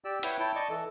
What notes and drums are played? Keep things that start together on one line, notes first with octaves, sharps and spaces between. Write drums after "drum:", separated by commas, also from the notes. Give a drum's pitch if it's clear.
G4 D5 E6
E4 B4 C#5 F#5 G5, drum: hi-hat
E4 C#5 G5 A5
D5 D#5 A5 C#6
E3 A4